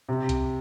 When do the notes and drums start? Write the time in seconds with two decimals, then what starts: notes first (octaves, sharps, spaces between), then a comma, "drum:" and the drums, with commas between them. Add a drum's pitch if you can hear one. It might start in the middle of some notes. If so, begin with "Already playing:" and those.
0.09 C3
0.29 drum: kick C2, hi-hat